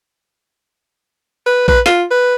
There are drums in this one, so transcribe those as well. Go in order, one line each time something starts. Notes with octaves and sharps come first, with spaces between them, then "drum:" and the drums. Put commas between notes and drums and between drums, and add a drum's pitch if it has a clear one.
B4
B4, drum: kick A#1
F4, drum: snare
B4